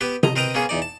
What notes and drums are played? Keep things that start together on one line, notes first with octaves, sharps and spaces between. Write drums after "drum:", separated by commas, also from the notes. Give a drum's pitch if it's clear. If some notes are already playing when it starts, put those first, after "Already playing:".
B3 G4 B4
D#5 A#5, drum: tom C3
C4 A#4 B4 D#5 G5 A#5
A#3 B3 C#4 G#4
E2 D#4 D5
A5